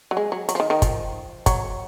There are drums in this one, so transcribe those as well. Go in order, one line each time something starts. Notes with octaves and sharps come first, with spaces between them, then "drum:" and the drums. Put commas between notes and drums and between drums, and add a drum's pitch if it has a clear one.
F#3
G#3
F#3
F#3, drum: hi-hat
F3
D#3
D#3
F3, drum: kick, hi-hat
F#3, drum: kick, hi-hat